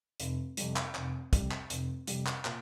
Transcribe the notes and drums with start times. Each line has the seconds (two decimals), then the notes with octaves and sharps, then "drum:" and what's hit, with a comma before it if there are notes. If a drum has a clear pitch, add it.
0.20 F1, drum: hi-hat
0.57 F2 C3 G3, drum: hi-hat
0.76 drum: clap
0.95 F1, drum: clap
1.33 F2 C3 G3, drum: kick, hi-hat
1.51 drum: clap
1.70 F1, drum: hi-hat
2.07 F2 C3 G3, drum: hi-hat
2.27 drum: clap
2.45 A#2, drum: clap